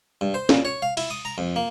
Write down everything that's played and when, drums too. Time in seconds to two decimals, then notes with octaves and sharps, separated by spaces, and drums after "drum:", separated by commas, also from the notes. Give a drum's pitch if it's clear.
0.21 G2
0.34 C5
0.49 A#2, drum: snare
0.65 C#5
0.82 F5
0.97 E4, drum: cymbal
1.10 D#6
1.25 A#5
1.38 F2
1.56 A#3